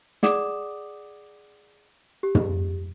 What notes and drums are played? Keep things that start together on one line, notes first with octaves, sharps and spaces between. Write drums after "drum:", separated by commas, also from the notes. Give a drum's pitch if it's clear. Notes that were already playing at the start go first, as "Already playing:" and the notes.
G#4 D5 F#5 D6 D#6 E7, drum: snare
G4
drum: tom